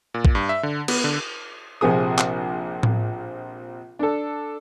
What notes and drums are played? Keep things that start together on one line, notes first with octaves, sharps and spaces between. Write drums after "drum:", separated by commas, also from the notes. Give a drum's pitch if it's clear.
A#2
drum: kick
G2
E5
D3
B3, drum: cymbal
D3
A#1 C3 F3 G#4 D#6
drum: clap
drum: tom A2
D4 A4